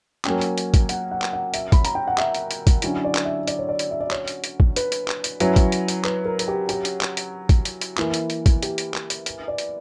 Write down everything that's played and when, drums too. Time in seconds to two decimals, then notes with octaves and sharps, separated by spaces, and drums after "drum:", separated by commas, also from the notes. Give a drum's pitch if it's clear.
0.25 F#3 A#3 C#4 G5, drum: clap
0.41 drum: hi-hat
0.58 drum: hi-hat
0.74 drum: kick, hi-hat
0.89 F#5, drum: hi-hat
1.11 F#5
1.22 drum: clap
1.33 F#5
1.54 E5, drum: hi-hat
1.72 B5, drum: kick, hi-hat
1.85 A#5, drum: hi-hat
1.95 G5
2.08 F#5
2.18 E5, drum: clap
2.35 drum: hi-hat
2.51 drum: hi-hat
2.67 drum: kick, hi-hat
2.82 D3 F#3 C#4 E4, drum: hi-hat
3.05 D5
3.15 drum: clap
3.25 E5
3.48 D5, drum: hi-hat
3.59 C#5
3.69 D5
3.79 drum: hi-hat
3.91 E5
4.00 D5
4.11 C#5, drum: clap
4.28 drum: hi-hat
4.44 drum: hi-hat
4.60 drum: kick
4.76 B4, drum: hi-hat
4.92 drum: hi-hat
5.08 drum: clap
5.24 drum: hi-hat
5.40 F#3 C#4 E4 B4, drum: hi-hat
5.56 drum: kick, hi-hat
5.72 drum: hi-hat
5.88 drum: hi-hat
6.05 B4, drum: clap
6.25 A#4
6.39 A#4, drum: hi-hat
6.48 G4
6.69 G4, drum: hi-hat
6.85 drum: hi-hat
7.01 drum: clap
7.17 drum: hi-hat
7.49 drum: kick, hi-hat
7.65 drum: hi-hat
7.81 drum: hi-hat
7.97 E3 A#3 E4, drum: clap
8.14 drum: hi-hat
8.30 drum: hi-hat
8.46 drum: kick, hi-hat
8.63 G4, drum: hi-hat
8.78 drum: hi-hat
8.94 drum: clap
9.10 drum: hi-hat
9.26 drum: hi-hat
9.48 D5
9.58 drum: hi-hat